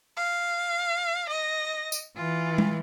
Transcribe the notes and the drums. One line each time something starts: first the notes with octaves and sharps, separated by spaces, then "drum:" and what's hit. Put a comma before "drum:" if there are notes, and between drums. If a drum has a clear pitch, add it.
F5
D#5 A#6
drum: tambourine
E3 F4
drum: tom G#3